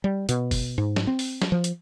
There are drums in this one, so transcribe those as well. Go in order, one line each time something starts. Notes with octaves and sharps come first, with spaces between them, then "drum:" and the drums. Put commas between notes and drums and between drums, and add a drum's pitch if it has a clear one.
G3
B2, drum: hi-hat
drum: kick, open hi-hat
G#2
drum: snare
C4
drum: open hi-hat
drum: snare
F3
drum: hi-hat